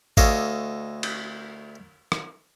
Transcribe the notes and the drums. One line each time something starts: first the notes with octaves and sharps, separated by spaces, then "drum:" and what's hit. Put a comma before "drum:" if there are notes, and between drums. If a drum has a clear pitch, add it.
D2 A4 C#5 D#5 F5 D6, drum: kick G#1
drum: cymbal
drum: rim click